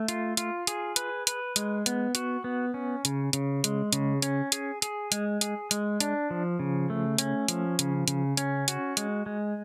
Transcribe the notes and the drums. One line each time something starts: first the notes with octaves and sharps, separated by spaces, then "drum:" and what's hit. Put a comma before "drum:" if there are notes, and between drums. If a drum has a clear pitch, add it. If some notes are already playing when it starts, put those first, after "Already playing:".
Already playing: A3
F4, drum: hi-hat
F4, drum: hi-hat
G#4, drum: hi-hat
B4, drum: hi-hat
B4, drum: hi-hat
G#3, drum: hi-hat
B3, drum: hi-hat
F#4, drum: hi-hat
B3
C#4
C#3, drum: hi-hat
C#3, drum: hi-hat
G#3, drum: hi-hat
C#3, drum: hi-hat
C#4, drum: hi-hat
G#4, drum: hi-hat
G#4, drum: hi-hat
G#3, drum: hi-hat
G#4, drum: hi-hat
G#3, drum: hi-hat
D4, drum: hi-hat
F3
C#3
A3
C#4, drum: hi-hat
F3, drum: hi-hat
C#3, drum: hi-hat
C#3, drum: hi-hat
C#4, drum: hi-hat
F#4, drum: hi-hat
G#3, drum: hi-hat
G#3